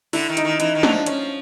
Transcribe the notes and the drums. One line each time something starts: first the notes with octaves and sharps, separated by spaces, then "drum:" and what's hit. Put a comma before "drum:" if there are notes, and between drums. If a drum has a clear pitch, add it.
D3 E4, drum: open hi-hat
D#3
D#4, drum: hi-hat
D#3
E3 D#4, drum: hi-hat
D#3
F#3 D4, drum: snare
F3
F3 C#4, drum: hi-hat